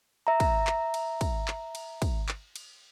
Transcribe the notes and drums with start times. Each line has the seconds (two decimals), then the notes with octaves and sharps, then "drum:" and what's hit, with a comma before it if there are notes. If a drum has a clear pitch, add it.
0.27 E5 A#5
0.40 drum: kick, cymbal
0.67 drum: clap
0.94 drum: cymbal
1.21 drum: kick, cymbal
1.48 drum: clap
1.75 drum: cymbal
2.02 drum: kick, cymbal
2.29 drum: clap
2.56 drum: cymbal